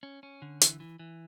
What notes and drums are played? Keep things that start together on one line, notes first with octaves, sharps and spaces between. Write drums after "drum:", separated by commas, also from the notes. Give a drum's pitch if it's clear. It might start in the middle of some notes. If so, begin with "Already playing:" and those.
C#4
C#4
D3
E3, drum: hi-hat
E3
E3